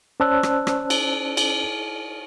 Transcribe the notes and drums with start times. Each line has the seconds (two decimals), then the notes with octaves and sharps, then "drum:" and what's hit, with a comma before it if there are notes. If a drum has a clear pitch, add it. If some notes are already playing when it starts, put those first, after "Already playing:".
0.20 C#4 C5 D5 A5 E6 F#6
0.43 drum: rim click
0.67 drum: rim click
0.90 drum: cymbal
1.37 drum: cymbal